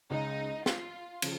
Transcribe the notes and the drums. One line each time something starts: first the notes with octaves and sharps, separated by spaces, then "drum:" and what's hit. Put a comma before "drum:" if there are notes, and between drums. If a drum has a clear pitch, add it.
C#2 C#3 G#3 D#4
F4, drum: snare
C#3 F3, drum: cymbal